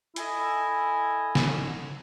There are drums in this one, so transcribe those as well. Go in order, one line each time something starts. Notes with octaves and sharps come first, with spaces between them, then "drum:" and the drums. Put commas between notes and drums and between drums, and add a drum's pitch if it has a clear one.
E4 A4 D#5 G#5, drum: hi-hat
drum: snare